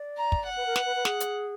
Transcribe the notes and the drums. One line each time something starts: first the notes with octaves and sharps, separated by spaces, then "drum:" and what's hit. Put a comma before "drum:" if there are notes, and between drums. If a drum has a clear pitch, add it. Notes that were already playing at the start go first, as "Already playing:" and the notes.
Already playing: D5
A#5
drum: kick
F#5
B4
A#4
B4, drum: snare
B4
B4
G#4, drum: snare
drum: hi-hat